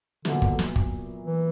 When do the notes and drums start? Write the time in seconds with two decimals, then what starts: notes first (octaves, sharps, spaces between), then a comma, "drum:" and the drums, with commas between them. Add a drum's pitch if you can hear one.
0.25 A#2 D3 F#3 B3 E4, drum: snare
0.42 drum: kick
0.59 drum: snare
0.76 drum: kick
1.26 E3